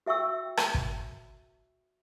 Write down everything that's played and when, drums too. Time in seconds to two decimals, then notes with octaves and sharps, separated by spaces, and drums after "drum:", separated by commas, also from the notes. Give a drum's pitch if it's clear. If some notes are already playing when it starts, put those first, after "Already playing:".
0.06 F#4 E5 G5 C#6 E6
0.57 drum: rim click
0.74 drum: kick